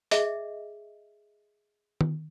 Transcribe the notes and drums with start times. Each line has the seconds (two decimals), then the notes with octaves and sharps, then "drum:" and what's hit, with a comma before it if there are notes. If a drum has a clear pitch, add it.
0.11 G#4 D#5 E5, drum: hi-hat
2.01 drum: tom D#3